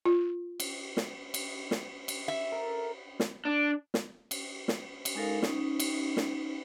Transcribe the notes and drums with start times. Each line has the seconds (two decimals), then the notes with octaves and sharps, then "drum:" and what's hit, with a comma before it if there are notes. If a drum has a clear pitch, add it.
0.06 F4
0.60 drum: cymbal
0.97 drum: snare
1.34 drum: cymbal
1.71 drum: snare
2.08 drum: cymbal
2.28 E5
2.52 A4 A#4
3.20 drum: snare
3.45 D4
3.94 drum: snare
4.31 drum: cymbal
4.68 drum: snare
5.05 drum: cymbal
5.15 G#3 D#4 A4 A#4 F5
5.42 C#4 D#4, drum: snare
5.80 drum: cymbal
6.17 drum: snare